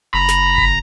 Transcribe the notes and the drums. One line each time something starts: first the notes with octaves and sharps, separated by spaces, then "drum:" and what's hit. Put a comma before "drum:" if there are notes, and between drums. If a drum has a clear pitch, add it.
F#1 A#5 B5
drum: snare
drum: kick G#1